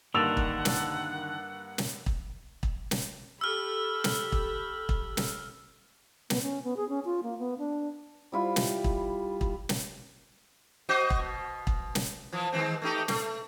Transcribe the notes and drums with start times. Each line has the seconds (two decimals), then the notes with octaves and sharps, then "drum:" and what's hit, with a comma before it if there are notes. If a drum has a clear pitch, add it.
0.14 G2 D3 D#3 A#3 F#5 E6 A6 F7
0.37 drum: kick
0.65 drum: snare
1.78 drum: snare
2.06 drum: kick
2.63 drum: kick
2.91 drum: snare
3.41 G4 A4 B5 E6 F6
4.04 drum: snare
4.32 drum: kick
4.89 drum: kick
5.17 drum: snare
6.30 B3, drum: snare
6.43 C#4
6.64 B3
6.77 G#4
6.89 C#4
7.05 F4
7.23 A#3
7.39 B3
7.58 D4
8.32 G3 E4 F4
8.56 drum: snare
8.84 drum: kick
9.41 drum: kick
9.69 drum: snare
10.89 F#4 C5 D#5
11.10 drum: kick
11.19 B2
11.67 drum: kick
11.95 drum: snare
12.32 E3 F3
12.53 D#3 G#3 C4
12.82 A3 D#4 G4
13.08 A3, drum: snare